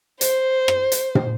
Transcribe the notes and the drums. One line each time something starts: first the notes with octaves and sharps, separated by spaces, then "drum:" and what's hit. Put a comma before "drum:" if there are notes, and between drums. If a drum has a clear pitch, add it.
C5, drum: hi-hat
drum: rim click
drum: hi-hat
drum: tom